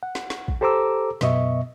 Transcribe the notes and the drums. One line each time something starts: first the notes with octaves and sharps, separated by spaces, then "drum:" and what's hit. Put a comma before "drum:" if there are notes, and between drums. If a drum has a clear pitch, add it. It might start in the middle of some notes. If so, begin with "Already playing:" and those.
F#5
drum: snare
drum: snare
drum: kick
G4 A4 C5 A#5 D6 E6
F#2 B2 B3 D#5 E5 C#6, drum: snare